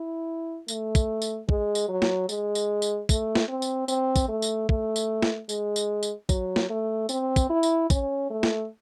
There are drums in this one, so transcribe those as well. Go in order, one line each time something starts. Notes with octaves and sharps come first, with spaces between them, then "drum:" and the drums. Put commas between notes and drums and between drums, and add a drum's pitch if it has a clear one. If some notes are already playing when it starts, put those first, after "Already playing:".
Already playing: E4
A3, drum: tambourine
drum: kick, tambourine
drum: tambourine
G#3, drum: kick
drum: tambourine
F#3
drum: snare
G#3, drum: tambourine
drum: tambourine
drum: tambourine
A3, drum: kick, tambourine
drum: snare
C4
drum: tambourine
C4, drum: tambourine
drum: kick, tambourine
A3
drum: tambourine
A3, drum: kick
drum: tambourine
drum: snare
G#3, drum: tambourine
drum: tambourine
drum: tambourine
F#3, drum: kick, tambourine
drum: snare
A3
C4, drum: tambourine
drum: kick, tambourine
E4
drum: tambourine
C#4, drum: kick, tambourine
A3
drum: snare